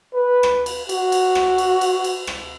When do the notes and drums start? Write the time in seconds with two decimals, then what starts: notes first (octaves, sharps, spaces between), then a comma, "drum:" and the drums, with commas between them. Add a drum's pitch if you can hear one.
0.14 B4
0.43 drum: rim click
0.66 drum: cymbal
0.89 F#4, drum: cymbal
1.12 drum: cymbal
1.35 drum: rim click
1.58 drum: cymbal
1.81 drum: cymbal
2.04 drum: cymbal
2.27 drum: rim click